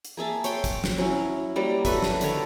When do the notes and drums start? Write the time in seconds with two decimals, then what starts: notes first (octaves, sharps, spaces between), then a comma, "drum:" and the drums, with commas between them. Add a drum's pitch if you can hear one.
0.05 drum: hi-hat
0.17 A#3 G#4 E5 A5
0.44 C#5 G5 C6, drum: hi-hat
0.64 drum: kick, hi-hat
0.84 drum: snare
0.98 F#3 C#4 E4
1.56 F#3 G3 A#3
1.85 F#4 A4 B4 E5, drum: kick, hi-hat
2.02 drum: snare
2.21 D3 D#3 C#5, drum: hi-hat